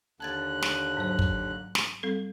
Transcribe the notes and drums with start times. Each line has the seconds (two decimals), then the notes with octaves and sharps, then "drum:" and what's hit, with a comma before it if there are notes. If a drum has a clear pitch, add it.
0.20 D#2 D3 A5 F#6 G#6 A6
0.62 drum: snare
0.97 G#2 F#3 C5
1.19 drum: kick
1.75 drum: snare
2.03 G3 C4 A4